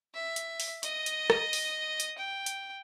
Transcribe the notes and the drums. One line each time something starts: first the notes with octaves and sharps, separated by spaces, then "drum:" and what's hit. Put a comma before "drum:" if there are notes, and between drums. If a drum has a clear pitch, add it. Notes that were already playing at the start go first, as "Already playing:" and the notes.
E5
drum: hi-hat
drum: open hi-hat
D#5 D#6, drum: hi-hat
drum: hi-hat
drum: rim click
drum: open hi-hat
drum: hi-hat
G5
drum: hi-hat